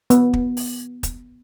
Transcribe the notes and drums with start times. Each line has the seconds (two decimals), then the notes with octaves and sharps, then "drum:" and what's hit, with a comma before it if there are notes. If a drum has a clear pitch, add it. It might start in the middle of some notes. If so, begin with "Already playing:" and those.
0.10 B3, drum: hi-hat
0.33 drum: kick
0.57 drum: open hi-hat
1.03 drum: kick, hi-hat